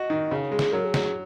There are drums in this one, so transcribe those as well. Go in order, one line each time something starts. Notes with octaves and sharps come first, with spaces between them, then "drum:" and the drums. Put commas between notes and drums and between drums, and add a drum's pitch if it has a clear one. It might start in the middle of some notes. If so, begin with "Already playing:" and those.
Already playing: F#4 D#5
D#3
C#3
C#5
G#3
G#4, drum: snare
F#3 A#4
G#4
F#3, drum: snare